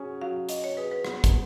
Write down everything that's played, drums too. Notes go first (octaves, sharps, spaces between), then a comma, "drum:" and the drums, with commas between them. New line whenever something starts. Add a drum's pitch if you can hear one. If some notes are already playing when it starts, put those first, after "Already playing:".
Already playing: F#3 C#4 G#4
F#3 F5
F#3 D#5, drum: hi-hat
C#5
G#4 B4
B4
B3, drum: rim click
drum: kick, hi-hat